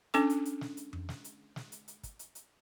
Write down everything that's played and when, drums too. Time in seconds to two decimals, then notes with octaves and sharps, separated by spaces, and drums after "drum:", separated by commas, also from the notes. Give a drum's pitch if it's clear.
0.14 C#4 D4 A4 D6, drum: hi-hat
0.30 drum: hi-hat
0.45 drum: hi-hat
0.61 drum: snare
0.77 drum: hi-hat
0.93 drum: tom F2
1.09 drum: snare
1.24 drum: hi-hat
1.56 drum: snare
1.72 drum: hi-hat
1.88 drum: hi-hat
2.03 drum: kick, hi-hat
2.19 drum: hi-hat
2.35 drum: hi-hat